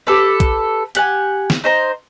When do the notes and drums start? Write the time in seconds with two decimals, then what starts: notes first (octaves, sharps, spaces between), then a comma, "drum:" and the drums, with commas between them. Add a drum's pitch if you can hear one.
0.07 G4 A4 B4
0.40 drum: kick A#1, hi-hat
0.95 G4 F#5 G#5, drum: hi-hat
1.50 drum: snare
1.64 D#4 C5 A#5